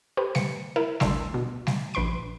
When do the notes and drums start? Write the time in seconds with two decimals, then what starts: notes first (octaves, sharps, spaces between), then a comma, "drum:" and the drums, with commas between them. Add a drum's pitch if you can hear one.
0.17 G4 A4 B4 C5
0.35 C#7, drum: snare G3
0.76 E4 A#4
1.00 G#1 D2 D4 C6 E6, drum: snare G3
1.34 B2
1.67 drum: snare G3
1.94 A#1 B4 B5 C6 D7